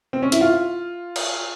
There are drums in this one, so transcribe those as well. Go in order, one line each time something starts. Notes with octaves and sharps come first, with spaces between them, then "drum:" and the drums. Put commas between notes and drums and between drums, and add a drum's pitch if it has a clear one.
C4
C#4
E4, drum: hi-hat
F4
drum: cymbal